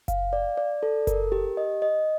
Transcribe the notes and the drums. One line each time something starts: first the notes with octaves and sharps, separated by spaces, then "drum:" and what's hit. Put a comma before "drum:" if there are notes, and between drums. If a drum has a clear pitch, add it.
F5, drum: kick F#1, hi-hat
D5
D5
A4
A#4, drum: kick F#1, hi-hat
G4
D#5
D#5